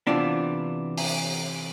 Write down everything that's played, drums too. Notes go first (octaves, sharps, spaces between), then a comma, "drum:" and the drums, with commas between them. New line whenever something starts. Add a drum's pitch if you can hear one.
C3 E3 B3 D4 F4
drum: open hi-hat